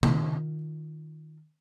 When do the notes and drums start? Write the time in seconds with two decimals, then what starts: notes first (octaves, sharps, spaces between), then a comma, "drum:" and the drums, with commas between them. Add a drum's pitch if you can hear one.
0.03 D#3 F4, drum: tom C3